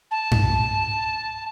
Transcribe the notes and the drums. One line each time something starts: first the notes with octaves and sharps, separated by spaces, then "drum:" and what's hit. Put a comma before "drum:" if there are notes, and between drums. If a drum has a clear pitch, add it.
A5
drum: tom G2